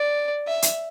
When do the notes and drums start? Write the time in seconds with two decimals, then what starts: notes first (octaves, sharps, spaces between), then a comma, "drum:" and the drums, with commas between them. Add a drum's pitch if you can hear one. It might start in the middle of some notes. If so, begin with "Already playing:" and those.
Already playing: D5
0.48 E5
0.62 drum: hi-hat